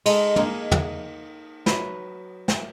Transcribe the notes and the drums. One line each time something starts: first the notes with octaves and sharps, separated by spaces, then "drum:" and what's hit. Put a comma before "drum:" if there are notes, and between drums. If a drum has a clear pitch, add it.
G#3 D#4 A4, drum: cymbal
A#3 D#4 G#4, drum: tom
drum: tom
F#3 B4, drum: snare
drum: snare